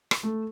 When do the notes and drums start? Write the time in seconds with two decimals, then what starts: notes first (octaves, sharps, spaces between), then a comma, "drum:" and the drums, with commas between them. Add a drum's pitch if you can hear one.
0.11 drum: rim click
0.23 A3